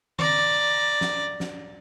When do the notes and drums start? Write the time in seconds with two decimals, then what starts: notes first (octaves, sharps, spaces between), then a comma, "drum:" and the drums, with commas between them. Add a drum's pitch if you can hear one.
0.19 D5 A#5, drum: tom D#3
1.01 drum: snare
1.40 drum: snare